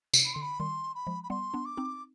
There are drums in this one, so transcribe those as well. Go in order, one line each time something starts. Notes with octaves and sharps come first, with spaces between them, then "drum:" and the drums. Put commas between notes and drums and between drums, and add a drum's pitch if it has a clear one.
C3, drum: tambourine
B5
D3 C6
B5
D#3 G3 C6
B5
F3 G#3
B5
G3 B3 C6
B3 D4
D6
C4 D#4